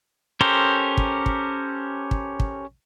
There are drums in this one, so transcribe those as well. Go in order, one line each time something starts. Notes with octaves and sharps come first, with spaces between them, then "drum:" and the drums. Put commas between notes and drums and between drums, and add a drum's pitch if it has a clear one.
C#4 G4 A4 A#4 C5
drum: kick
drum: kick
drum: kick
drum: kick